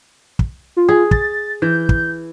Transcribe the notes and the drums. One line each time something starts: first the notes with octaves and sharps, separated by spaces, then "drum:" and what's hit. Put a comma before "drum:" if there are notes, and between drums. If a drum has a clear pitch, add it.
drum: kick
F4
G#4
A6, drum: kick
E3 G6
drum: kick